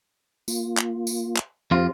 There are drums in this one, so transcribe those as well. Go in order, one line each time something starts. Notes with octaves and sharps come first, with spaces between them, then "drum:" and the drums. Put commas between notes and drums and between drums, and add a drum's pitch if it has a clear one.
A#3 F4, drum: tambourine
drum: clap
drum: tambourine
drum: clap
F2 F4 G4 C5